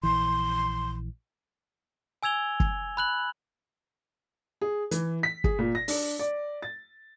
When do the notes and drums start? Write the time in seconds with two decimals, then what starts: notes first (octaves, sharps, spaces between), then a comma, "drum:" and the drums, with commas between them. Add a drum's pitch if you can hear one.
0.03 A#1 E3 C6
2.23 G#5 E6 G#6 F7 G7
2.60 drum: kick
2.97 B5 F#6 F#7
4.61 G#4
4.91 E3, drum: hi-hat
5.23 B6
5.44 G#4, drum: kick
5.59 A#2
5.75 A#6
5.88 D4, drum: open hi-hat
6.19 D5
6.62 A6